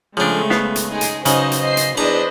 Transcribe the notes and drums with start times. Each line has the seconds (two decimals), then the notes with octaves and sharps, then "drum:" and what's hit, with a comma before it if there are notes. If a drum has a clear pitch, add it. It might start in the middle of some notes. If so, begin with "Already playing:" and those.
0.17 C#3 F3 G#3 A3 C4 D4
0.50 B3 E5 F5, drum: snare
0.76 drum: hi-hat
0.90 G#3 D#4 G#4
1.01 drum: hi-hat
1.25 C#3 F#3 D#4 B4 C5 D#5, drum: hi-hat
1.52 drum: hi-hat
1.62 C5 D#5 C7
1.77 drum: hi-hat
1.97 E2 D4 B4 C5 D#5 A5 A#5